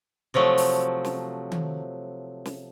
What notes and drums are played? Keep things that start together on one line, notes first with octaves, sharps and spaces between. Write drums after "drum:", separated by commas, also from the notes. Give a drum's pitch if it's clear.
C3 F3 F#3 A3
drum: open hi-hat
drum: snare
drum: tom D#3
drum: snare